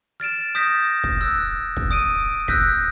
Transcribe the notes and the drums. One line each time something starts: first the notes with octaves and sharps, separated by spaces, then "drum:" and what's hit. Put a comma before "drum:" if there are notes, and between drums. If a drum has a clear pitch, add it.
F6 A6 D7 E7
D#6 G6 A#6 B6
drum: kick
E6 F#6
drum: kick
D#6 D7 D#7
E6 F#6 G6 A#6 B6, drum: kick